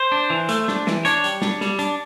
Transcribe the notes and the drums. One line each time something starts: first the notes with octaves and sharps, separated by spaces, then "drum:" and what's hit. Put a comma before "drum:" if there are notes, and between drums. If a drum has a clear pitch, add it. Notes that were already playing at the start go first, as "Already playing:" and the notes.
Already playing: C5
D4
E3
A3, drum: hi-hat
D4, drum: snare
E3, drum: snare
D4 C#5, drum: hi-hat
G3, drum: hi-hat
D4, drum: snare
G3, drum: snare
D4, drum: hi-hat